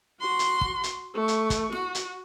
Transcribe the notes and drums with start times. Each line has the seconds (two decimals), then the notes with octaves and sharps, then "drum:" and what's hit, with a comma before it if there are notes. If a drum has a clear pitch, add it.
0.20 F#4 C6
0.39 drum: hi-hat
0.61 drum: kick
0.84 drum: hi-hat
1.14 A3 C#6
1.28 drum: hi-hat
1.50 drum: kick, hi-hat
1.72 F#4, drum: snare E4
1.95 drum: hi-hat